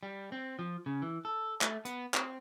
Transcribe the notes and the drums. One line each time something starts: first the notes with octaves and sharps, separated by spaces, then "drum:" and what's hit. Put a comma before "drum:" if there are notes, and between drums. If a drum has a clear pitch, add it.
G3
C4
F3
C#3
E3
A4
A3, drum: clap
B3, drum: hi-hat
C4, drum: clap